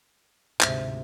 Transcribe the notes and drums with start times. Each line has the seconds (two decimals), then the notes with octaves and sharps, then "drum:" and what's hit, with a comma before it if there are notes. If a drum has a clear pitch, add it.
0.61 D2 G#2 C3 C5 E5, drum: clap